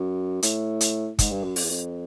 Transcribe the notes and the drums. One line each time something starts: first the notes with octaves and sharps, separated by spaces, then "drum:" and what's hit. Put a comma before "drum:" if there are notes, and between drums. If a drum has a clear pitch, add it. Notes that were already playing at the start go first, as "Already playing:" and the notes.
Already playing: F#2
A2, drum: hi-hat
drum: hi-hat
G#2, drum: kick, hi-hat
G2
F#2
F2, drum: open hi-hat
E2
F2